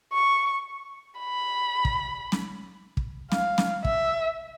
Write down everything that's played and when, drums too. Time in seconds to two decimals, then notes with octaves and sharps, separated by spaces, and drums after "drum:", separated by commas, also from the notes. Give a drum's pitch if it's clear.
0.13 C#6
1.19 B5
1.85 drum: kick
2.32 drum: snare
2.97 drum: kick
3.32 F5, drum: snare
3.58 drum: snare
3.85 E5, drum: kick